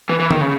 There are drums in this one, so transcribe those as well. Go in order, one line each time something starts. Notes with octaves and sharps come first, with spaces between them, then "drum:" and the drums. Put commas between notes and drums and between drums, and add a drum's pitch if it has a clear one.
E3
E3
D#3, drum: tom D3
C#3